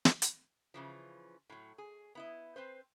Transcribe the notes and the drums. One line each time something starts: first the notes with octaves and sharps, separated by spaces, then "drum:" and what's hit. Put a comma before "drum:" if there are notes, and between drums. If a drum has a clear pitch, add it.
drum: snare
drum: hi-hat
C#3 E3 F3
A2 F#3
G#4
B3 E4 D#5
C4 B4 C5